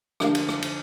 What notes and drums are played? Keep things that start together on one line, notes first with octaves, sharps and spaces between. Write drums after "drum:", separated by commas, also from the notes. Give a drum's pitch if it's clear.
D3 F3 A3 D4 G4 A#4 F5, drum: rim click
drum: cymbal
drum: rim click
drum: cymbal